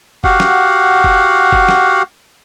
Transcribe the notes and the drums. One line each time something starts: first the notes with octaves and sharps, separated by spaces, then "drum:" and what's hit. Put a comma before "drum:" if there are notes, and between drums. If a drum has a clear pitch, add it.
F#4 G4 F5 F#5, drum: kick F#1
drum: snare
drum: kick F#1
drum: kick F#1
drum: snare